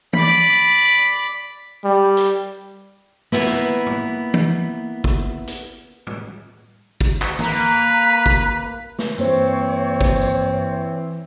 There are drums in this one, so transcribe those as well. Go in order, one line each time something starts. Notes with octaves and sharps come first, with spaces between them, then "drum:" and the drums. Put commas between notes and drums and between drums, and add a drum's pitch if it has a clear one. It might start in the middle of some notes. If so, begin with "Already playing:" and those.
D5 B5, drum: tom
G3
drum: hi-hat
A#3 B3 E4 B4, drum: snare
drum: snare
drum: tom
drum: tom
drum: kick
drum: hi-hat
drum: tom
drum: kick
drum: clap
A#3 B4 A#5, drum: tom
drum: kick
drum: snare
G2 E3 A#3 C4 C5 C#5, drum: tambourine
drum: kick
drum: tambourine